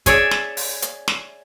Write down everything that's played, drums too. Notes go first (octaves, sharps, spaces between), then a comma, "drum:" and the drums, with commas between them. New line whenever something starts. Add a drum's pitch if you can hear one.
G#4 C#5 D5 E5, drum: kick, hi-hat
drum: snare
drum: open hi-hat
drum: hi-hat
drum: snare